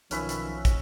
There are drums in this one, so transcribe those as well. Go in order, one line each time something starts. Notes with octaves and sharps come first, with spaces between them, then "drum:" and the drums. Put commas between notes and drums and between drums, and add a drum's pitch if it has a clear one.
B1 D#3 F3 C#4 B4 E5, drum: hi-hat
drum: hi-hat
drum: kick, hi-hat